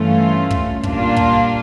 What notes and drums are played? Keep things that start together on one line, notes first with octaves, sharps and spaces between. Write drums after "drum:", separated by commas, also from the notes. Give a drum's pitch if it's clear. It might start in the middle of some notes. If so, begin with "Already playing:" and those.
Already playing: G2 E3 A3 C#4 F4
drum: kick
A#2 G3 A#3 D4 F4, drum: kick
drum: kick